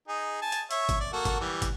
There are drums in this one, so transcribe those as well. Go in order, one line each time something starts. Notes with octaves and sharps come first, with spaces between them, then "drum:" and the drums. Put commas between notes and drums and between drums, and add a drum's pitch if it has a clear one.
D#4 G#4
G#5 A5
drum: hi-hat
C#5 E5, drum: hi-hat
drum: kick, hi-hat
D5
A#3 F#4 A4
drum: kick, hi-hat
E3 G3
drum: kick, hi-hat